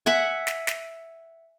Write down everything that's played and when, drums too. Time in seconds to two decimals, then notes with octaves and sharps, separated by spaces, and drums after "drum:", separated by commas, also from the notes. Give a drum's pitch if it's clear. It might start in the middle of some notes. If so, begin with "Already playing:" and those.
0.06 E5 F#5 G#5
0.47 drum: snare
0.67 drum: snare